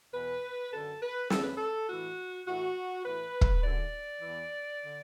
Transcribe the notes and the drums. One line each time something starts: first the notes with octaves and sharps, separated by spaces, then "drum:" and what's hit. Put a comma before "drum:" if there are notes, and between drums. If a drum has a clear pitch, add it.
E2 B2 B4
F#2 D3 A4
B4
E2 D3 A4, drum: snare
B4
A4
A2 E3 F#4
A2 E3 F#4
A2 E3 B4
drum: kick
F#2 D3 D5
E2 E3
D3